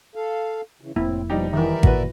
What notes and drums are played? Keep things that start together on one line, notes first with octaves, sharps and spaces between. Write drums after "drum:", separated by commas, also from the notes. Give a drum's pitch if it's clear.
A4 F5
C#3 E3
F1 A2 A#3 C4 E4
B2 F3 G3 D#4 G4
D#3 E3 A#4 D5 E5
F#1 A#2 F#4 B4, drum: kick G#1